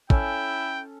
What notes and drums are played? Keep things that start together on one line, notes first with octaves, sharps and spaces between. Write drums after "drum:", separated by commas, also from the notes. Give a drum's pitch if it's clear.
C#4 E4 A4 G5, drum: kick